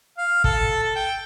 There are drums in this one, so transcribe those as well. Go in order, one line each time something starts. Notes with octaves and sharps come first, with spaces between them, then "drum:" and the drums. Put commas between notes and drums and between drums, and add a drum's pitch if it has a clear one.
F5
A4, drum: kick
A4
G5